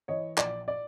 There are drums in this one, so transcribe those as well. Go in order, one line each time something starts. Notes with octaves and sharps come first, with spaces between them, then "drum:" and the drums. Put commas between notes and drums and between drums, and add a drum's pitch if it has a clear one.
E3 C#5 D#5
A#1 D5, drum: clap
D5